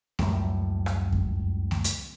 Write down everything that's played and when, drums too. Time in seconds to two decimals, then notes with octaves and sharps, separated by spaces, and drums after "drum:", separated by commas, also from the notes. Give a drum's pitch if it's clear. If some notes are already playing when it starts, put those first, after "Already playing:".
0.19 C#2 F#2 A2 G3, drum: snare A3
0.86 drum: rim click
1.12 drum: kick F2
1.71 drum: snare A3
1.84 drum: hi-hat